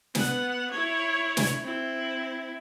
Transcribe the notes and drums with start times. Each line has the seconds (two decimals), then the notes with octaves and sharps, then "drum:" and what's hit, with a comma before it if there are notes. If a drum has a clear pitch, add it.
0.15 B3 F#5, drum: snare
0.71 E4 C#5
1.37 drum: snare
1.62 C4 E4